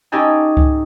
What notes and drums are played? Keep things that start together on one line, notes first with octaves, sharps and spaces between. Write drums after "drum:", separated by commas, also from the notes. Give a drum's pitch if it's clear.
C#4 D#4 G4 A4 G#5
drum: kick C#2